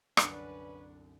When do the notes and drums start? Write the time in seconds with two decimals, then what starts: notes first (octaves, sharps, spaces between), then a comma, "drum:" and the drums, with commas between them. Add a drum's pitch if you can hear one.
0.17 C2 F#2 D3 C#4 D4 B4 F#5 G#5, drum: rim click